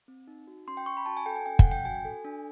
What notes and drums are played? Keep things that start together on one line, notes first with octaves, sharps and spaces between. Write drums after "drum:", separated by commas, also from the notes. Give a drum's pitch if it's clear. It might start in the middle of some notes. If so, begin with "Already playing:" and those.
C4
D#4
F#4
C#4 C6
G5
C#4 C#6
B5
F#4 A5
G#5
A4 G5
G#5
C#4 G5
F#5, drum: kick
C#4
G5
F#4 G#5
A4
D4